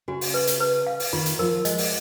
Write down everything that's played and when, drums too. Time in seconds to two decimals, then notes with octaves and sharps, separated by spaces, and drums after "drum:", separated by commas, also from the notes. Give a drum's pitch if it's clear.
0.08 C#3 F#4
0.21 drum: open hi-hat
0.34 B4
0.47 drum: hi-hat
0.60 B4
0.87 F5
1.00 drum: open hi-hat
1.13 D#3 F4
1.26 drum: hi-hat
1.39 F3 A#4
1.65 G#3 D#5, drum: hi-hat
1.78 drum: open hi-hat